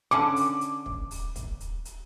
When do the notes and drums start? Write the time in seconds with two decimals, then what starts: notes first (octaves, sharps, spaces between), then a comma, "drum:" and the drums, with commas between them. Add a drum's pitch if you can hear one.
0.11 D3 C#4 F#5 D6
0.36 drum: open hi-hat
0.61 drum: hi-hat
0.86 drum: kick
1.11 drum: open hi-hat
1.36 drum: kick, hi-hat
1.60 drum: hi-hat
1.85 drum: hi-hat